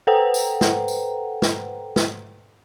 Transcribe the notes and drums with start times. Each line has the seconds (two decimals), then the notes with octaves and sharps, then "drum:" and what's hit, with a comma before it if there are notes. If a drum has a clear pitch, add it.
0.07 A4 B4 C5 F#5 G5 A#5
0.34 drum: tambourine
0.61 drum: snare
0.88 drum: tambourine
1.42 drum: snare
1.96 drum: snare